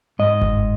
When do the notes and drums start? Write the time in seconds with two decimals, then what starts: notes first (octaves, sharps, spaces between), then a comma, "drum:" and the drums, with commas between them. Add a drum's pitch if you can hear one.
0.19 G#2 D#5
0.42 drum: kick G1